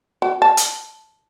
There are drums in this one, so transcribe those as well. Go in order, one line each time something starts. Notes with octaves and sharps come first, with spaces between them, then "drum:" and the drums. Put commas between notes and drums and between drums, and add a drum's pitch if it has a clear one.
F#4
A5
drum: hi-hat